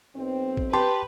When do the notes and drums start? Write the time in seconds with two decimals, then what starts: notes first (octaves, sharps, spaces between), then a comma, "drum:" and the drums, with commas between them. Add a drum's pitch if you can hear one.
0.16 B1 C4
0.57 drum: kick A1
0.73 G4 B4 A5 C6